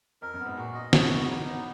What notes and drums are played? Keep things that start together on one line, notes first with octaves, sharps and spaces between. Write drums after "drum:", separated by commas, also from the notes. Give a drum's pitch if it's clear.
F2 A#4
F#2
B3
G#2
A#2 F#4
D#5
B2 F#4, drum: snare
C#3
B3
G#3
A#3 D#4
B3